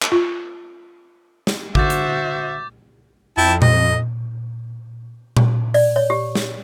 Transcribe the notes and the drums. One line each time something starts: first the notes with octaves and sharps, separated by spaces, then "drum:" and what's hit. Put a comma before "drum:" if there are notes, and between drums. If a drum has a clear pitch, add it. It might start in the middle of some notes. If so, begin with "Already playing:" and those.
drum: clap
F4
drum: snare
D3 F#4 C5 E5 D6 G6 A6, drum: kick
drum: hi-hat
F2 E4 G5 A5
D#5, drum: tom A#2
drum: tom A#2
D5, drum: open hi-hat
C#5
G4
drum: snare